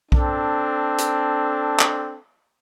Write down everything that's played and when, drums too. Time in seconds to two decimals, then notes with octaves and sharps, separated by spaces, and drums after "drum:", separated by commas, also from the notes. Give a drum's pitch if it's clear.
0.12 C4 D4 A4, drum: kick B1
0.98 drum: hi-hat
1.80 drum: clap